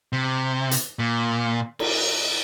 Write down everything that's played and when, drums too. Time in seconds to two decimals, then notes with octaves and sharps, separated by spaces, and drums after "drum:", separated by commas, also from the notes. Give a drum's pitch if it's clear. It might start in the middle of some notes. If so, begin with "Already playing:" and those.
0.13 C3
0.71 drum: hi-hat
0.99 A#2
1.79 drum: cymbal